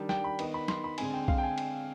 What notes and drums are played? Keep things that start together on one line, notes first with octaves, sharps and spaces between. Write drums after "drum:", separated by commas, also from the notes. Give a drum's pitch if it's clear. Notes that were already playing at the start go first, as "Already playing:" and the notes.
Already playing: D#3 G3 D4
G5, drum: snare
B5
D#3 B3 D#4, drum: cymbal
B5
C6, drum: snare
B5
D3 G#3 C4 G#5, drum: cymbal
G5
F5, drum: kick B1
G5
G#5
drum: cymbal